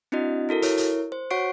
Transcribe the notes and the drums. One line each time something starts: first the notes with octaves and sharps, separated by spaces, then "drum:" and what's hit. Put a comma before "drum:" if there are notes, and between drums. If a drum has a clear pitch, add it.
C4 D4 E4 F#4 D#5
E4 F#4 A4 A#4
E4 A#4 C#5, drum: hi-hat
drum: hi-hat
C5
F#4 C#5 F#5 C#6 C7 D7